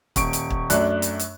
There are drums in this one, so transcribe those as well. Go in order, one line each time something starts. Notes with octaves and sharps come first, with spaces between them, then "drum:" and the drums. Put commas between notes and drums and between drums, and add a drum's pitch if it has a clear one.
D#1 C#6 D7, drum: kick, hi-hat
drum: hi-hat
drum: kick
F#2 A3 D4 F#6, drum: hi-hat
drum: hi-hat
drum: hi-hat